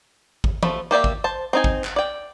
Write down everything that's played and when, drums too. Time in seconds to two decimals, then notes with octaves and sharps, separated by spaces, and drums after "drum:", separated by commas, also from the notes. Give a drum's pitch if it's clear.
0.44 drum: kick G#1
0.63 F3 A3 B5, drum: tom E3
0.91 A#3 G4 D5 E5
1.04 drum: kick G#1
1.24 C5 A5
1.53 C4 D#4 G#5
1.64 drum: kick G#1
1.84 drum: clap
1.96 D5 G5